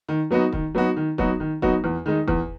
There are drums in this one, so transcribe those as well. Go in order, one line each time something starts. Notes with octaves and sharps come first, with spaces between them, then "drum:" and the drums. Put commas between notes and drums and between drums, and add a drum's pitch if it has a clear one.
D#3
F#3 B3 D#4 F#4
D#3, drum: kick
F#3 B3 D#4 F#4
D#3
F#3 B3 D#4 F#4, drum: kick
D#3
F#3 B3 D#4 F#4, drum: kick
E2
D#3 G#3 D#4
E2, drum: kick